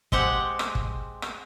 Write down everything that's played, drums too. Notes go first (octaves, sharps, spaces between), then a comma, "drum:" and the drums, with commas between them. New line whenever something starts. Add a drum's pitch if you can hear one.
G#3 C4 G4 F#5, drum: kick
drum: rim click
drum: kick
drum: rim click